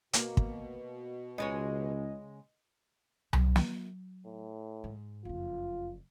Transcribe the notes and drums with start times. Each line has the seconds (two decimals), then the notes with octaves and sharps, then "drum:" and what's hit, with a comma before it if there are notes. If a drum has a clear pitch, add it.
0.13 B2 A#3, drum: hi-hat
0.37 drum: kick
1.38 C#2 C#3 G#3 C#5 D#5
3.33 F#3, drum: tom C2
3.56 drum: snare
4.26 A2
4.84 G#2
5.25 F#1 F2 F4